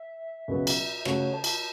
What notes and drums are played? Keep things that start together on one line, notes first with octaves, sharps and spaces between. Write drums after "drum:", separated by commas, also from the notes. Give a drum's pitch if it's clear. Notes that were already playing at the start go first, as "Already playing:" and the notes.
Already playing: E5
C#2 B2 F#3 B3
drum: cymbal
C#3 A3 F#4 A4 C#5, drum: rim click
A5
drum: cymbal